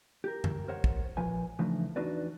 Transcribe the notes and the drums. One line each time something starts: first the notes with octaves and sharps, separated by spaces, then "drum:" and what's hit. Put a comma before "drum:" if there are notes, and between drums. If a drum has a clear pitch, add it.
G4 A#4
drum: tom
A#4 C5 C#5 F#5
drum: kick
A#2 F3 B4 G#5
C#3 E3 F3 A3 D4 D#4
E2 D4 D#4 F#4 B4 D5